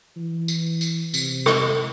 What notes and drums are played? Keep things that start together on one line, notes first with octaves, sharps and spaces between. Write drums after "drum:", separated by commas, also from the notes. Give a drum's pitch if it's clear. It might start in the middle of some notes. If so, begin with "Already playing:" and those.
E3
drum: tambourine
drum: tambourine
C3, drum: tambourine
drum: rim click